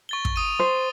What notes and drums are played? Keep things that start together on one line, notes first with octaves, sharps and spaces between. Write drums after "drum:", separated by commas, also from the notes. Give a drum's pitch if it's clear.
C#6 A6 G7
drum: kick
D#6 D#7
C5